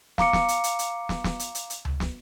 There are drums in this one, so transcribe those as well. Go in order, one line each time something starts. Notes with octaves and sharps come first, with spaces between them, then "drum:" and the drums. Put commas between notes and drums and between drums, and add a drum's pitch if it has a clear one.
F5 A#5 D6 C#7, drum: snare
drum: snare
drum: hi-hat
drum: hi-hat
drum: hi-hat
drum: snare
drum: snare
drum: hi-hat
drum: hi-hat
drum: hi-hat
drum: tom C#2
drum: snare